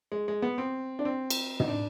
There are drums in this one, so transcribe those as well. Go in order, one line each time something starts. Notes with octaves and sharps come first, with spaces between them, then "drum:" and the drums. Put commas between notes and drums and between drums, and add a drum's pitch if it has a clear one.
G#3
G#3
B3
C4
D4
C4
drum: cymbal
D#4, drum: tom
D4